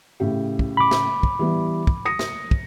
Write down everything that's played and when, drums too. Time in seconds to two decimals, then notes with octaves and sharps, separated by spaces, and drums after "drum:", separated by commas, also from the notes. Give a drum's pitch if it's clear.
0.20 A2 C#3 G4
0.59 drum: kick
0.77 B5 D6
0.91 drum: snare
1.23 drum: kick
1.39 E3 G3 B3
1.87 drum: kick
2.05 D#6 A#6 C#7
2.19 drum: snare
2.51 drum: kick